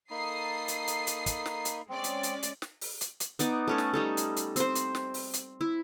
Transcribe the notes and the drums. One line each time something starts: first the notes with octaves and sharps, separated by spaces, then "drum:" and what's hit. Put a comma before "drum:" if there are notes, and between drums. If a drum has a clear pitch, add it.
A#3 D#4 A4 B5 D#6 C7
drum: hi-hat
drum: hi-hat
drum: hi-hat
drum: kick, hi-hat
drum: snare
drum: hi-hat
G#3 C4 C#4 D5
drum: hi-hat
drum: hi-hat
drum: hi-hat
drum: snare
drum: open hi-hat
drum: hi-hat
drum: hi-hat
B3 D#4 D5, drum: hi-hat
A3 C#4 A4
drum: snare
G3 D#4 A4
drum: hi-hat
drum: hi-hat
C4 C5, drum: hi-hat
drum: hi-hat
drum: snare
drum: open hi-hat
drum: hi-hat
E4